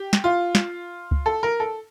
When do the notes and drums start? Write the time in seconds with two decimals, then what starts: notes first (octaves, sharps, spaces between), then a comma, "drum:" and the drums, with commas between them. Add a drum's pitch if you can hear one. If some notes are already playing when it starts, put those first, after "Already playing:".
Already playing: G4
0.13 drum: snare
0.24 F4
0.55 drum: snare
1.11 drum: kick C#2
1.26 A4
1.43 A#4
1.60 A4